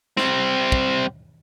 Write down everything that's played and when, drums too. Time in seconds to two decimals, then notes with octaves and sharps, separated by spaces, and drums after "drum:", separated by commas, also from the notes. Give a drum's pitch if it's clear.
0.17 G3 C4, drum: snare
0.72 drum: kick